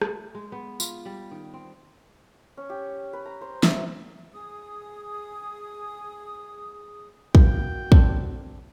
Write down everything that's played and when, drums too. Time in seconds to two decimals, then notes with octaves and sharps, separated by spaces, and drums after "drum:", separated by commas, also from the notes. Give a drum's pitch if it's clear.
0.02 A3, drum: rim click
0.35 G#3
0.52 B3
0.80 F4, drum: tambourine
1.05 G3
1.31 D#3
1.54 C4
2.57 C#4
2.70 G4
3.13 B4
3.26 A#5
3.41 C5
3.63 E5, drum: snare
4.32 G#4 D#6
7.35 A#3 F#4 G5, drum: kick
7.92 C4 D4 A4, drum: kick